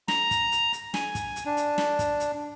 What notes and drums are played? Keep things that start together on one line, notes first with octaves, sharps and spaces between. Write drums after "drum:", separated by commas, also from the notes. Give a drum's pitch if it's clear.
A#5, drum: snare
drum: kick, hi-hat
drum: hi-hat
drum: hi-hat
G#5, drum: snare
drum: kick, hi-hat
drum: hi-hat
D4
drum: hi-hat
drum: snare
drum: kick, hi-hat
drum: hi-hat